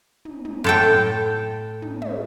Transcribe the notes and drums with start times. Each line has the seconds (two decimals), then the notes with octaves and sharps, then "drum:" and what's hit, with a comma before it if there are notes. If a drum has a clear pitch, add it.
0.25 drum: tom
0.45 drum: tom
0.64 A2 A4 G5
1.82 drum: tom
2.02 drum: tom